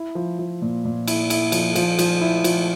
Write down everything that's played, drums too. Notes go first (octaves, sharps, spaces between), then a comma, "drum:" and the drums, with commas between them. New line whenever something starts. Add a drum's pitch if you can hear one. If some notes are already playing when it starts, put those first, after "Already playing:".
Already playing: E4
F3
F3
A#2
A#2
E4, drum: cymbal
E4, drum: cymbal
F3, drum: cymbal
F3, drum: cymbal
F3, drum: cymbal
E4
F3, drum: cymbal